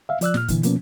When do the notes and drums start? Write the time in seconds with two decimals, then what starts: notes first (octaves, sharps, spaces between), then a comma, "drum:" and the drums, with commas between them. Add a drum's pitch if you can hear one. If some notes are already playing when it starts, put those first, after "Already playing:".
0.09 E5 F5
0.21 F3 D5 E6 F#6, drum: hi-hat
0.34 A#2 F6, drum: snare
0.48 A#2 D3 E3, drum: kick, hi-hat
0.63 B2 F3 A#3 B3 C#4, drum: hi-hat